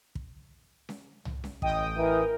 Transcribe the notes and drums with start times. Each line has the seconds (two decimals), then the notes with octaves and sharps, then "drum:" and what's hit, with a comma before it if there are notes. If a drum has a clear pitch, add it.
0.15 drum: kick
0.89 drum: snare C#4
1.25 drum: tom C2
1.44 drum: snare C#4
1.62 A1 D#5 G5 D#6, drum: kick
1.97 E3 A#4